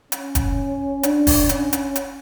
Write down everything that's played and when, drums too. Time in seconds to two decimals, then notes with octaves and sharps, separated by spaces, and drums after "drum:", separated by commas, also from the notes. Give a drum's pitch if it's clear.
0.12 C#4, drum: hi-hat
0.35 drum: kick F1, hi-hat
1.03 D4, drum: hi-hat
1.27 drum: kick F1, open hi-hat
1.49 C#4, drum: hi-hat
1.73 drum: hi-hat
1.96 drum: hi-hat